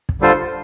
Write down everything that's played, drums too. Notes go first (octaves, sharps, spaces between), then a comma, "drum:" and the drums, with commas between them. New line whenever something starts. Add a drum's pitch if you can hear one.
drum: kick
D3 G3 F4 A4 C5